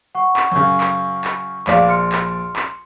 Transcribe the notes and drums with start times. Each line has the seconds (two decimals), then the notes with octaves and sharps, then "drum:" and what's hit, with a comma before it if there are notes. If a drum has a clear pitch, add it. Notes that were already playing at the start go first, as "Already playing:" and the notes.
0.15 F#5 C#6
0.37 drum: clap
0.52 F#2 C#3 C#6
0.80 drum: clap
1.24 drum: clap
1.67 A#1 D5 F5 D6, drum: clap
1.87 C6 F6 C#7
2.12 drum: clap
2.56 drum: clap